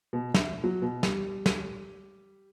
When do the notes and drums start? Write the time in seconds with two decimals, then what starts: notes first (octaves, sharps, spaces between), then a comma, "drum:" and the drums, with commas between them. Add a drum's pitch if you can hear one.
0.13 B2
0.34 E5, drum: snare
0.64 F#3
0.82 B2
1.03 G3, drum: snare
1.46 drum: snare